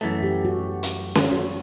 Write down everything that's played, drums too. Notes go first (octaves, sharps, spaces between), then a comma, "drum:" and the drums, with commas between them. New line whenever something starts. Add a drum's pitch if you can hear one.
F#2 E3 A3
G4
F#4
drum: hi-hat
drum: snare C#4
F#4